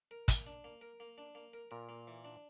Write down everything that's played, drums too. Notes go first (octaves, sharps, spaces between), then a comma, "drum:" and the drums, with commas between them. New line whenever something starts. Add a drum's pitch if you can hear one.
A#4
A#3, drum: kick, hi-hat
D4
A#3
A#4
A#3
D4
A#3
A#4
A#2 A#4
A#3
E3
D4